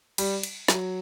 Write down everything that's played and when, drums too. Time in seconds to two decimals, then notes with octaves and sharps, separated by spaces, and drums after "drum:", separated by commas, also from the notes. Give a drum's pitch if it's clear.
0.18 G3, drum: cymbal
0.43 drum: cymbal
0.68 F#3, drum: snare